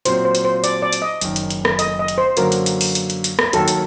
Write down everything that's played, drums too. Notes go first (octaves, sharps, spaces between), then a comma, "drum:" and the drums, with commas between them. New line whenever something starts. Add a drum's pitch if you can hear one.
A#2 F#3 C4 C5, drum: hi-hat
C5
drum: hi-hat
C5
D5, drum: hi-hat
D5
drum: hi-hat
D#5
F#1 F#2 D#3, drum: hi-hat
drum: hi-hat
drum: hi-hat
drum: rim click
D#5, drum: hi-hat
D#5
drum: hi-hat
C5
F#2 D3 F#3 A#3 F#4 A#4, drum: hi-hat
drum: hi-hat
drum: hi-hat
drum: open hi-hat
drum: hi-hat
drum: hi-hat
drum: hi-hat
drum: rim click
D#2 D#3 F#3 A4, drum: hi-hat
drum: hi-hat